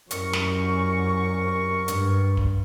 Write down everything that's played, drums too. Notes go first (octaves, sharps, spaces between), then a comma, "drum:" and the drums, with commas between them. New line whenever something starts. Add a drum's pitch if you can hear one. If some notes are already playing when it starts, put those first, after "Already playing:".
C2 F#2 A#4 C#6, drum: hi-hat
drum: snare
G2, drum: hi-hat
drum: kick